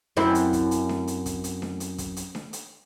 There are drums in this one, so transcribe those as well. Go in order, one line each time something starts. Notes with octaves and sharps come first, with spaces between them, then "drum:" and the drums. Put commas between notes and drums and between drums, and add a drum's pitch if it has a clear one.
F#2 C4 E4, drum: snare D4
drum: hi-hat
drum: kick, hi-hat
drum: hi-hat
drum: snare D4
drum: hi-hat
drum: kick, hi-hat
drum: hi-hat
drum: snare D4
drum: hi-hat
drum: kick, hi-hat
drum: hi-hat
drum: snare D4
drum: hi-hat